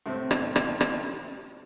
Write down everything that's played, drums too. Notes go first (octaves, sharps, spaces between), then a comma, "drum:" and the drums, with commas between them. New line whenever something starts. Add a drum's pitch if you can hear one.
A2 C3 C4
drum: rim click
drum: rim click
drum: rim click